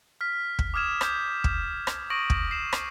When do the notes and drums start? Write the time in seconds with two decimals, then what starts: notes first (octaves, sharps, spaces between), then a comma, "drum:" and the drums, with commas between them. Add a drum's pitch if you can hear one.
0.21 F6 B6
0.59 drum: kick
0.74 D6 D#6 F6 G#6 E7 F7
1.01 D6 G6 G#6, drum: rim click
1.44 drum: kick
1.87 drum: rim click
2.10 C#6 D#6 A#6 D7 D#7 F#7
2.30 drum: kick
2.51 C7 E7
2.73 drum: rim click